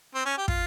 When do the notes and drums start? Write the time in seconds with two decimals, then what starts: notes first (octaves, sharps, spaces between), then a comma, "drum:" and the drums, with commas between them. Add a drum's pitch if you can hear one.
0.15 C4
0.25 C#4
0.38 G4
0.48 F4, drum: kick